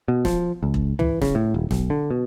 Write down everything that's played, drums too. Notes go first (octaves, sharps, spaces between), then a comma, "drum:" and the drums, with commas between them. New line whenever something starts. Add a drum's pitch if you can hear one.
B2
F3, drum: snare
C#2
drum: kick E1
E3, drum: tom
C#3, drum: snare
A2
D#1
B1, drum: snare
D3
B2